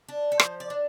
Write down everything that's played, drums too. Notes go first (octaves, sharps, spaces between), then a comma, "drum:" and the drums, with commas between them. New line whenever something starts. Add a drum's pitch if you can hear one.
D4
A4
F3 C5, drum: rim click
D5
D4